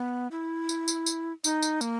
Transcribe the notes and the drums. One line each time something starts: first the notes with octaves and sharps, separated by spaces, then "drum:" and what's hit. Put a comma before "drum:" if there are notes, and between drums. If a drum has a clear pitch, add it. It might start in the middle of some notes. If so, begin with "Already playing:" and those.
Already playing: B3
E4
drum: tambourine
drum: tambourine
drum: tambourine
D#4, drum: tambourine
drum: tambourine
A#3, drum: tambourine